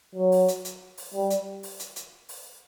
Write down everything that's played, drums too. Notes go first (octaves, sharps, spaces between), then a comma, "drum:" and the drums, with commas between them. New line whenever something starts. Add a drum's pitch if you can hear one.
F#3
drum: open hi-hat
drum: hi-hat
drum: hi-hat
drum: open hi-hat
G3
drum: hi-hat
drum: open hi-hat
drum: hi-hat
drum: hi-hat
drum: open hi-hat